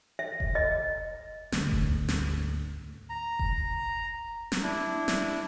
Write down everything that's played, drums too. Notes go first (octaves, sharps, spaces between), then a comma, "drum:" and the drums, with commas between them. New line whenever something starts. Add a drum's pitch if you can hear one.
E5
drum: kick F1
D#5
D2 G#2, drum: snare
drum: kick F1
drum: snare
A#5
drum: kick F1
drum: snare
D4 E4
drum: snare